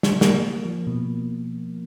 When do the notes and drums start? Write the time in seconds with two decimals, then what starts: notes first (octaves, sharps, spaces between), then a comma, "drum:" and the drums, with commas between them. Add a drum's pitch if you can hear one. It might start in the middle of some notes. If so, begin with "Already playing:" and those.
0.03 drum: snare
0.21 A#3, drum: snare
0.66 F3
0.87 B2